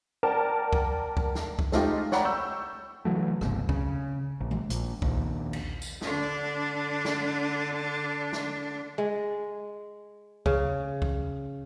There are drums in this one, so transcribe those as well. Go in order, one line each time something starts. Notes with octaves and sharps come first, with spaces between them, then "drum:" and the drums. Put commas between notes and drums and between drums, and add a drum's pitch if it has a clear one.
A#4 D5 F#5 G5 A5
drum: kick C2
drum: kick C2
drum: snare
drum: kick C2
G#3 A3 D#4 F4 G4, drum: snare
C#5 D5 F#5 G5 A#5 B5, drum: snare
C#6 E6 G6
C#3 E3 F#3 A3
F#1 C2 G2 B2, drum: rim click
C#3, drum: kick C2
A#1
drum: tom D#3
A#1, drum: hi-hat
A#1 D#2, drum: kick C2
drum: cymbal
drum: tambourine
D3 D4, drum: snare
drum: snare
drum: snare
G#3
C#3, drum: kick C2
drum: kick C2